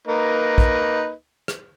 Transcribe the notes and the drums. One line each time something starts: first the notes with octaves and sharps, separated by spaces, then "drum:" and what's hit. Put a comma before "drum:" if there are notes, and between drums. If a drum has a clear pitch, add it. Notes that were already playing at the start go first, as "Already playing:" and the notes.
A#3 D#4 B4
drum: kick
drum: rim click